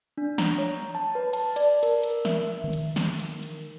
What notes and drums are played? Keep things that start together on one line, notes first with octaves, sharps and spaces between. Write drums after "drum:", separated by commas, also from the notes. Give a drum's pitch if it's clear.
D4
A#5, drum: snare
C#5
A5
B4
A5, drum: cymbal
D5, drum: cymbal
A#4, drum: cymbal
drum: cymbal
E5, drum: snare
D#3
drum: cymbal
drum: snare
drum: cymbal
drum: cymbal